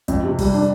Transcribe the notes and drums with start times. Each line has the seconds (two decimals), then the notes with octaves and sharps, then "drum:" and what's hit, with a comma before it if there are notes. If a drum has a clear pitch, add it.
0.08 F2, drum: kick, hi-hat
0.23 C3
0.39 G3, drum: kick, open hi-hat
0.54 D4